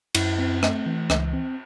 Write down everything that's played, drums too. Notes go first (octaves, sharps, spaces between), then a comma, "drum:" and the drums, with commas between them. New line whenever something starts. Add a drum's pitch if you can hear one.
F#2 E4, drum: cymbal
C4
A3, drum: rim click
E3
C#2, drum: rim click
C4